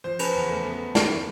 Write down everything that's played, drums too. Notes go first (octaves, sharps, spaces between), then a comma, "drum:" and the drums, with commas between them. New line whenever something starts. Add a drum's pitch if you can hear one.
F3 C5
C#3 B4, drum: cymbal
E2
A3
B3
drum: snare